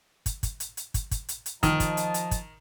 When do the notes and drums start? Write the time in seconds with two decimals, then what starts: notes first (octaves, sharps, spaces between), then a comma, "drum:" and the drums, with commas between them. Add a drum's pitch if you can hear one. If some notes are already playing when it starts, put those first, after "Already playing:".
0.26 drum: kick, hi-hat
0.43 drum: kick, hi-hat
0.60 drum: hi-hat
0.77 drum: hi-hat
0.94 drum: kick, hi-hat
1.11 drum: kick, hi-hat
1.29 drum: hi-hat
1.46 drum: hi-hat
1.63 D#3 F3 D#5 A5, drum: kick, hi-hat
1.80 drum: kick, hi-hat
1.97 drum: hi-hat
2.14 drum: hi-hat
2.31 drum: kick, hi-hat